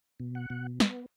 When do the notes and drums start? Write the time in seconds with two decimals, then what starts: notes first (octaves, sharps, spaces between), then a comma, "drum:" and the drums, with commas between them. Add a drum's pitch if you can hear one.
0.20 B2
0.35 F#5
0.50 B2
0.80 B3, drum: snare